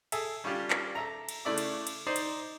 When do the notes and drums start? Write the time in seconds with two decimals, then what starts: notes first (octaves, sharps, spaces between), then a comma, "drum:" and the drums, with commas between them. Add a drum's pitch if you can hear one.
0.12 G#4 A4 E5, drum: cymbal
0.44 G3 C#4 D4 F4 G4
0.70 drum: clap
0.95 A4 E5 A#5
1.29 drum: cymbal
1.45 C#3 A3 E4 D5 E5 D6
1.58 drum: cymbal
1.87 drum: cymbal
2.07 D#4 C5 D5
2.16 drum: cymbal